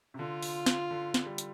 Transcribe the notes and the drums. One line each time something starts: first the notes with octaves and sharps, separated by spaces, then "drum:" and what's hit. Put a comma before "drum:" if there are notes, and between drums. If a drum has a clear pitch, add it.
C3
D3 F4
drum: open hi-hat
drum: snare
D3
drum: snare
G3
drum: hi-hat